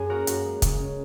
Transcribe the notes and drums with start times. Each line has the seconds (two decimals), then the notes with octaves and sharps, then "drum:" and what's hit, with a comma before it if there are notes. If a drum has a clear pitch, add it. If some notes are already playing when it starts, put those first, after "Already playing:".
Already playing: F#2 C#4 G#4 G#5
0.10 A#3 F#4 A#4
0.27 F#2 F#4, drum: hi-hat
0.45 G#3
0.62 C#3, drum: kick, hi-hat
0.79 C#4